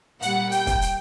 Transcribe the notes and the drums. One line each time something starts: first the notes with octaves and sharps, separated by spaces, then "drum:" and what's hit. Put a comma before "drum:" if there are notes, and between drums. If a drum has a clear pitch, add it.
A#2 G3 F#5, drum: hi-hat
G5, drum: hi-hat
drum: kick, hi-hat
drum: hi-hat